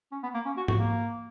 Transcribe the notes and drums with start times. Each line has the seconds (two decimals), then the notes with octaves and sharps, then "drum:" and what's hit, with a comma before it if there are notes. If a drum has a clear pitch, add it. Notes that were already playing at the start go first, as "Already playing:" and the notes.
0.12 C#4
0.23 B3
0.34 A#3
0.45 C#4
0.57 F#4
0.68 F#4, drum: tom G#2
0.79 A#3